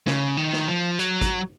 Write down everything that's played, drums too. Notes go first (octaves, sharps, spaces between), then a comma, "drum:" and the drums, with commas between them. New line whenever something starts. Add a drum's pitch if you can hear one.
C#3, drum: snare
D#3
drum: snare
F3
F#3, drum: hi-hat
drum: kick, hi-hat